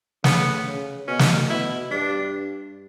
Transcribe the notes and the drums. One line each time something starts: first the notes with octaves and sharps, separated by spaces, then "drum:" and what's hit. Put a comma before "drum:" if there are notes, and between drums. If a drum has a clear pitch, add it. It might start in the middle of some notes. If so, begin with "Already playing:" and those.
C#3 B3, drum: snare
C#3
B2 C#4
drum: snare
B2 E4
G2 D4